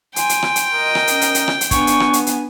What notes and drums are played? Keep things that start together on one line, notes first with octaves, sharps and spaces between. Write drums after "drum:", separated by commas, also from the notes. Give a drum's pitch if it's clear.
G5 G#5 C6, drum: hi-hat
drum: hi-hat
drum: rim click
drum: hi-hat
A#4 D#5
drum: rim click
C#4, drum: hi-hat
drum: hi-hat
drum: hi-hat
drum: rim click
drum: hi-hat
B3 D4 G#5 C#6, drum: kick, hi-hat
drum: hi-hat
drum: rim click
drum: hi-hat
drum: hi-hat